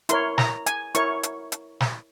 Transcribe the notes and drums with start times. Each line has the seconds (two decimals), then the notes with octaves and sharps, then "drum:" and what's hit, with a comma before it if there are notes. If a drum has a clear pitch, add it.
0.09 E4 A#4 C#5 C6, drum: hi-hat
0.38 A#5, drum: snare
0.66 G#5, drum: hi-hat
0.95 E4 A#4 C#5 C#6, drum: hi-hat
1.23 drum: hi-hat
1.52 drum: hi-hat
1.80 drum: snare